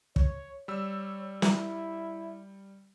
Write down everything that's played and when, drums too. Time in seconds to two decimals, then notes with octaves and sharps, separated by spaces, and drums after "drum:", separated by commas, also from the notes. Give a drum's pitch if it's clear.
0.16 C#5, drum: kick
0.68 G3 C#5 E6
1.42 E4, drum: snare